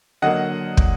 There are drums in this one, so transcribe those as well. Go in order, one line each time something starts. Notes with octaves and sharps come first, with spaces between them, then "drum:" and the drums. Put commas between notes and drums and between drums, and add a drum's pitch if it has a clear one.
D3 F#3 A#3 D#5 F#5
drum: kick